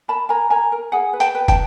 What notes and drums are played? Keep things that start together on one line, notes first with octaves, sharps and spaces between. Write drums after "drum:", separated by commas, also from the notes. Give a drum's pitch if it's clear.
A#4 A5 B5
A#4 G#5 A#5
A#4 G#5 A#5
A#4
G#4 F#5 G#5
B4
G5 A5, drum: hi-hat
B4
G5 A5, drum: kick, hi-hat